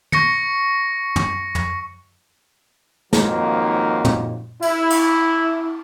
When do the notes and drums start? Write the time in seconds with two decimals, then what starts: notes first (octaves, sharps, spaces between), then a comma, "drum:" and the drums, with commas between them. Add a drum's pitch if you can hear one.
0.12 C#6 A#6 C#7, drum: tom
1.16 drum: tom
1.55 drum: tom
3.13 F2 G#2 D#3 F#3 A#3 D#4, drum: snare
4.05 drum: tom
4.62 E4, drum: cymbal
4.90 drum: cymbal